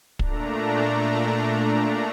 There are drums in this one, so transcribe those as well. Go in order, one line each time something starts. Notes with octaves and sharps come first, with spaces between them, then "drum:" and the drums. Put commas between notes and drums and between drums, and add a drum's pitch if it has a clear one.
A#2 A3 D4 A#5, drum: kick